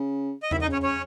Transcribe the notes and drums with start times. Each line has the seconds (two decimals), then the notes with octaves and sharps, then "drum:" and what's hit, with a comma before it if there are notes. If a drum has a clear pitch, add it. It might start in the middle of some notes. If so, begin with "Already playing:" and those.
Already playing: C#3
0.43 D#5
0.51 D#3 E4 E5, drum: tom E2
0.61 D#4 D#5
0.67 C#3
0.72 C#4 C#5
0.83 C#4 C#5